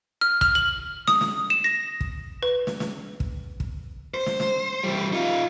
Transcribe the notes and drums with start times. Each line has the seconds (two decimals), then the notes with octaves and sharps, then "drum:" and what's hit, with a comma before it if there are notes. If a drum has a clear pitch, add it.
0.21 F6
0.41 F6, drum: kick
0.55 F#7
1.08 D#6, drum: snare
1.21 drum: snare
1.50 E7
1.64 A#6
2.01 drum: kick
2.43 B4
2.67 drum: snare
2.80 drum: snare
3.20 drum: kick
3.60 drum: kick
4.14 C5
4.26 drum: snare
4.40 drum: snare
4.84 E3 G3
5.13 D#4 F4